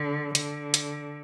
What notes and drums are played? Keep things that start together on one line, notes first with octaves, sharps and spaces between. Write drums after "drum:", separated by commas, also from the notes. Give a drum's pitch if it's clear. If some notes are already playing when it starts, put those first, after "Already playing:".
Already playing: D3
D3, drum: hi-hat
drum: hi-hat